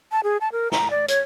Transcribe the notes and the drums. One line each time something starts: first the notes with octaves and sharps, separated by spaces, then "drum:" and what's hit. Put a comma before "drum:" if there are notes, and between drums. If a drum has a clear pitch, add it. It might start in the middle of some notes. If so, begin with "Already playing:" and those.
A5
G#4
A5
A#4
A#5, drum: snare
D5
C#5, drum: hi-hat